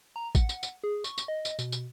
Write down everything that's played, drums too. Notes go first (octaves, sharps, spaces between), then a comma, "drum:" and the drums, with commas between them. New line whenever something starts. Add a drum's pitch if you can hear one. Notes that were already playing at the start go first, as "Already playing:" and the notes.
A#5
F#5, drum: kick A1, tambourine
drum: tambourine
drum: tambourine
G#4
C#6, drum: tambourine
drum: tambourine
D#5
drum: tambourine
B2, drum: tambourine
drum: tambourine